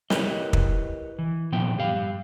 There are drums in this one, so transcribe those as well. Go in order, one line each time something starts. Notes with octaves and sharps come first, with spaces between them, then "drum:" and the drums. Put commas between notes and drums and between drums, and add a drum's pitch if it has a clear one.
E4 G4 A#4 B4 C#5 D#5, drum: snare
drum: kick
E3
A#2 D3 F3 B3 G5
G2 G4 F5